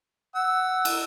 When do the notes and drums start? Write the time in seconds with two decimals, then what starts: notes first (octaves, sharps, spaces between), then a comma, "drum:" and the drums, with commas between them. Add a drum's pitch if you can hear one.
0.35 F#5 E6
0.85 drum: cymbal